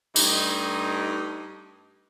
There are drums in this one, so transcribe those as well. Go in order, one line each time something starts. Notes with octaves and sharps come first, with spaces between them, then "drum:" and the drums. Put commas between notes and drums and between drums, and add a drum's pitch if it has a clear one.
G2 A3 D#4, drum: tambourine